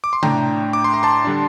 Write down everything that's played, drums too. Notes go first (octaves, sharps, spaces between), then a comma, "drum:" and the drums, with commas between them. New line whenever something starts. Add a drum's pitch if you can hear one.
D6
C6
A2 A3 D4 G5 A#5, drum: tom C3
D6
C6
A#5
A5 C6
D3 G3 D4